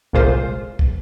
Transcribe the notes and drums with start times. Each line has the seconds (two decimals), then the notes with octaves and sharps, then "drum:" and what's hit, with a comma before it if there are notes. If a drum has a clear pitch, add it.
0.13 G1 C2 A#2 G#3 F4 C5
0.79 drum: kick